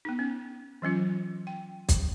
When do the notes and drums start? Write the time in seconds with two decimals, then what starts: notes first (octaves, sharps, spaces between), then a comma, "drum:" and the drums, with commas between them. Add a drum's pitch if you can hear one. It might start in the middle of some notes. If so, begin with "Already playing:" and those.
0.05 B3 D#4
0.19 C#4
0.82 E3 F#3 C#4 F4
1.47 G5
1.89 drum: kick, hi-hat